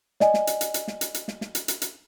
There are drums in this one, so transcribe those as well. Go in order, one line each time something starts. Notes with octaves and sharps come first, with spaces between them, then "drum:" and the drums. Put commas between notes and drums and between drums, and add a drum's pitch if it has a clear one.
D5 D#5 G#5, drum: snare
drum: snare
drum: hi-hat
drum: hi-hat
drum: hi-hat
drum: snare
drum: hi-hat
drum: hi-hat
drum: snare
drum: snare
drum: hi-hat
drum: hi-hat
drum: hi-hat